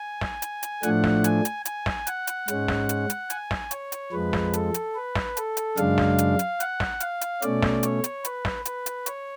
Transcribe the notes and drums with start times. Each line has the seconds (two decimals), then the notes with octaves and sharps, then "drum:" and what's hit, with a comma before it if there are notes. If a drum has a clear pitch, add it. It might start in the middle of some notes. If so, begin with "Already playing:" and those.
Already playing: G#5
0.21 drum: snare
0.42 drum: hi-hat
0.63 drum: hi-hat
0.83 A2 F3 A3 D4 F#5, drum: hi-hat
1.04 drum: snare
1.24 G#5, drum: hi-hat
1.45 drum: hi-hat
1.65 G#5, drum: hi-hat
1.86 drum: snare
2.07 F#5, drum: hi-hat
2.27 drum: hi-hat
2.48 G#2 G#3 C#4, drum: hi-hat
2.68 drum: snare
2.89 drum: hi-hat
3.10 drum: hi-hat
3.30 G#5, drum: hi-hat
3.51 drum: snare
3.71 C#5, drum: hi-hat
3.92 drum: hi-hat
4.12 F2 F3 G#3 B4
4.33 drum: snare
4.53 A4, drum: hi-hat
4.74 drum: hi-hat
4.96 B4
5.16 drum: snare
5.37 A4, drum: hi-hat
5.57 drum: hi-hat
5.77 F#2 C#3 G#3 D4 F5, drum: hi-hat
5.98 drum: snare
6.18 drum: hi-hat
6.39 drum: hi-hat
6.60 F#5, drum: hi-hat
6.80 drum: snare
7.00 F5, drum: hi-hat
7.21 drum: hi-hat
7.42 B2 A3 C#4 D5, drum: hi-hat
7.63 drum: snare
7.83 C#5, drum: hi-hat
8.04 drum: hi-hat
8.25 B4, drum: hi-hat
8.45 drum: snare
8.65 B4, drum: hi-hat
8.86 drum: hi-hat
9.06 C#5, drum: hi-hat